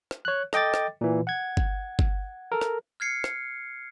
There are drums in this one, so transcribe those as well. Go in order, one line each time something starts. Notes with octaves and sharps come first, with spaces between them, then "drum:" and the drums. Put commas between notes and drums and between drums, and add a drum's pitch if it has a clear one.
drum: rim click
C#5 F#6
A4 D#5 G5 D6 A6, drum: rim click
drum: rim click
A#2 E3
F#5 G#6
drum: kick G1
drum: kick G1
A4 A#4
drum: rim click
F6 G#6 C7 C#7
drum: rim click